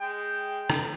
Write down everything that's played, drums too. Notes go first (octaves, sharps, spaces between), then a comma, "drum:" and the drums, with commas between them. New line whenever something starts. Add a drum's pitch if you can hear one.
G#3 G5
drum: rim click